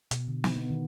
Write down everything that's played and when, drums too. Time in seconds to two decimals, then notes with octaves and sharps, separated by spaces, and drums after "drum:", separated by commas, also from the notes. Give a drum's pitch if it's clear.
0.11 B2, drum: hi-hat
0.28 D3
0.44 D#4, drum: snare
0.57 B3
0.70 D#3